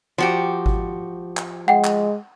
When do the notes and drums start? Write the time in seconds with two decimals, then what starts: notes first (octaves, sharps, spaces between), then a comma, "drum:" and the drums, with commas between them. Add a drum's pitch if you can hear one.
0.18 F3 F#4 G4
0.66 drum: kick G#1
1.37 drum: clap
1.68 G#3 F#5 G5
1.84 drum: clap